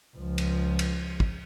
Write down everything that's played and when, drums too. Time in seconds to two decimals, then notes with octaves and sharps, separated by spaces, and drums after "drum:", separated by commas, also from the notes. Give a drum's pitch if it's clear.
0.17 C#2 F3
0.38 drum: cymbal
0.79 drum: cymbal
1.20 drum: kick